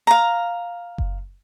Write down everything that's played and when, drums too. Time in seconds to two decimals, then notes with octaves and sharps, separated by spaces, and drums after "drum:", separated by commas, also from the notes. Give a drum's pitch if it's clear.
0.07 F5 A#5
0.98 drum: kick F#1